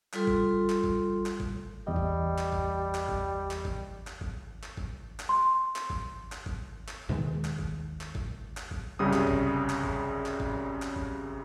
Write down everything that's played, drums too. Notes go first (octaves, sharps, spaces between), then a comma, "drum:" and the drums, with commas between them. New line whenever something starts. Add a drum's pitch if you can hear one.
G3 F4 A4 C6, drum: clap
drum: kick G1
drum: clap
drum: kick G1
drum: clap
drum: kick G1
E2 G3 D#5
drum: kick G1
drum: clap
drum: kick G1
drum: clap
drum: kick G1
drum: clap
drum: kick G1
drum: clap
drum: kick G1
drum: clap
drum: kick G1
drum: clap
C6
drum: clap
drum: kick G1
drum: clap
drum: kick G1
drum: clap
D#2 B2 D#3 G#3
drum: clap
drum: kick G1
drum: clap
drum: kick G1
drum: clap
drum: kick G1
C2 F#2 C#3 G3 D#6
drum: clap
drum: kick G1
drum: clap
drum: kick G1
drum: clap
drum: kick G1
drum: clap
drum: kick G1